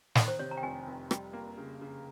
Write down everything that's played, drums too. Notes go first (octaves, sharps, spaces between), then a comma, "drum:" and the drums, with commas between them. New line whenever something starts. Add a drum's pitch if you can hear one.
D#3, drum: snare
C5
C3 C#5
A#5
G5
F1 G#5
F1
G3 G5, drum: rim click
A#3
C#3
C#3